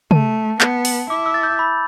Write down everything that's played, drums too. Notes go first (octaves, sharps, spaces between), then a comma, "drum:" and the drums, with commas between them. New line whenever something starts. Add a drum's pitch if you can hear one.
A3 A5, drum: tom
B3, drum: clap
drum: open hi-hat
E4 D6
E6
A6
G6
B5